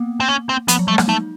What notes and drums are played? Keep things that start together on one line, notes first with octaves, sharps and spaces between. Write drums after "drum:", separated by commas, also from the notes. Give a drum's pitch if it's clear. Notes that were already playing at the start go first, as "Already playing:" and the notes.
Already playing: A#3 B3
C4
C#4
C4
F3 B3, drum: hi-hat
F#3
G#3 A3
A#3, drum: rim click
A3 D#4